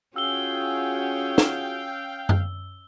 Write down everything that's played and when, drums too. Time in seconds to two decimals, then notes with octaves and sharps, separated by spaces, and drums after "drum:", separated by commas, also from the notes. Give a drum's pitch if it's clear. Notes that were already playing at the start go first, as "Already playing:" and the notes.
0.16 C#4 F4 F#4 G#4 F5 G5 E6 G7
1.38 drum: snare
2.29 drum: tom F#2